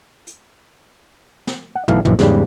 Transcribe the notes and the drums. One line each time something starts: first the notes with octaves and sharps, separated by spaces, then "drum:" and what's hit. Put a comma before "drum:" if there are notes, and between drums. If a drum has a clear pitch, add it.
drum: hi-hat
drum: snare
F#5
B1 E3 A3 F5, drum: tom
A#1 F#2 E3, drum: tom
E2 G#2 C#3 G3, drum: snare